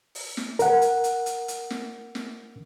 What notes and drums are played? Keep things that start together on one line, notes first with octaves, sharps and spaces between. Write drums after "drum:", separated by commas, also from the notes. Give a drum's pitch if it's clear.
drum: open hi-hat
drum: snare
A#4 F#5, drum: hi-hat
drum: hi-hat
drum: hi-hat
drum: hi-hat
drum: hi-hat
drum: snare
drum: snare